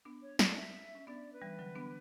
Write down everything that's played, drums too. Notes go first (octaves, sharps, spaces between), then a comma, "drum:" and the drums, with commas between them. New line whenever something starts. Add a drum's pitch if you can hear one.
B3 D4
C#5
D5, drum: snare
E5
C#4
B3 D4 D5
B4
E3 G3
D3 F#3
B3 D4